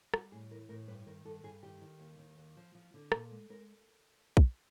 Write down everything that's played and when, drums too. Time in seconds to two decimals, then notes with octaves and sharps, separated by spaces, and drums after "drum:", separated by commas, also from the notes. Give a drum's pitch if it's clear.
0.14 G3 F#4, drum: rim click
0.32 A2 G#4
0.51 E3 A#4
0.69 A2 A#4
0.87 G2 B4
1.07 D#3 A#4
1.25 G2 A4
1.43 G2 G#4
1.63 D#3 G4
1.81 D#3
2.00 D#2
2.19 D#3
2.38 D#2
2.57 F3
2.75 F3
2.94 D3
3.12 A#2 A4, drum: rim click
3.31 G#3
3.50 G#3 A#4
4.37 drum: kick